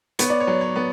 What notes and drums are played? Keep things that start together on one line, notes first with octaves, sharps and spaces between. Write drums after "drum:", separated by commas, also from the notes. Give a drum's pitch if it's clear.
B3 C#5, drum: hi-hat
D5
C#5
F#3
C#5
B3